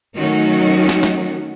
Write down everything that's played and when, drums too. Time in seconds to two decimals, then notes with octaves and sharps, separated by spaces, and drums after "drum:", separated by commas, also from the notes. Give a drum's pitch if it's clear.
0.16 D#3 F#3 A3 C#4 D#4 F#4
0.89 drum: snare
1.03 drum: snare